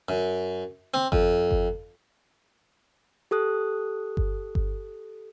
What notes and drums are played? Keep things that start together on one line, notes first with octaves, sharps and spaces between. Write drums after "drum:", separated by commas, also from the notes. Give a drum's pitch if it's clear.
F#2
C4
F2, drum: kick G1
drum: kick G1
G4 A4 D#6 F#6
drum: kick G1
drum: kick G1